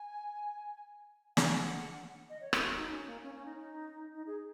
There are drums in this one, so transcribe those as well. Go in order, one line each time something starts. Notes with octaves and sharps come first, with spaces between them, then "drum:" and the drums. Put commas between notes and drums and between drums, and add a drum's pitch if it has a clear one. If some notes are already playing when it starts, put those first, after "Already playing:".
Already playing: G#5
F#5, drum: snare
D#5
C#5
A#4, drum: rim click
F#4
D#4
C#4
A#3
C#4
C#4
D#4
D#4
D#4
G#4